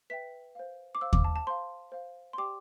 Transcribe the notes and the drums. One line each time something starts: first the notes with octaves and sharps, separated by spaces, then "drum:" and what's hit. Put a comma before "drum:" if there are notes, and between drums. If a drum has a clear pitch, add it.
B4 E5 G5 B6
C5 F5
D6
C5 F5 E6
D6, drum: kick D#2
A5
A5
C5 F5 C6
C5 F5
C6
G4 D5 G5 D6